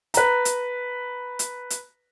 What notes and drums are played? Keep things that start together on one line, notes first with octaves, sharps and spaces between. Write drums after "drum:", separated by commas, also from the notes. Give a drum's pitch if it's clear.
B4 A#5, drum: hi-hat
drum: hi-hat
drum: hi-hat
drum: hi-hat